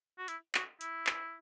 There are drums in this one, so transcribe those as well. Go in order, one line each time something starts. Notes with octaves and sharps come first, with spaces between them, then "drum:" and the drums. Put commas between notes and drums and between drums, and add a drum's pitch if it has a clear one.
F#4
E4, drum: hi-hat
F#4, drum: clap
E4, drum: hi-hat
drum: clap